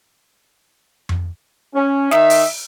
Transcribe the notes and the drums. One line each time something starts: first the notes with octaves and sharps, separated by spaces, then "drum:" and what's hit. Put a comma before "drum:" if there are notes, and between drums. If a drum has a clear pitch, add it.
drum: tom F2
C#4
D#3 D#4 E5, drum: snare
drum: open hi-hat